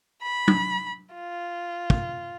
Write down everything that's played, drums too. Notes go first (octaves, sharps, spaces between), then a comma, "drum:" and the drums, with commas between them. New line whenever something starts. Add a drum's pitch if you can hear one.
B5
drum: tom
F4
drum: kick